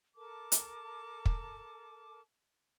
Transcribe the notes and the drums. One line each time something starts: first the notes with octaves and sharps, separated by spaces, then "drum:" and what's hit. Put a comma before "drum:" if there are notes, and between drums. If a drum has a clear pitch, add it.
A4 A#4 A5 D6
drum: hi-hat
drum: kick